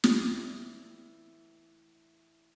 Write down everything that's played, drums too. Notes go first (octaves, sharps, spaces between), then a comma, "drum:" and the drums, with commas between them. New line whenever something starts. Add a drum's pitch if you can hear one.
A2 E3 E4 F4 D5 G5, drum: snare